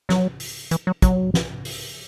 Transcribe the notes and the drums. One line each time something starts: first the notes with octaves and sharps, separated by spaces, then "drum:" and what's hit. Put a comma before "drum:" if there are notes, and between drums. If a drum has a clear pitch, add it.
F#3, drum: snare
drum: open hi-hat
E3, drum: hi-hat
F#3
F#3, drum: kick, hi-hat
drum: snare
drum: open hi-hat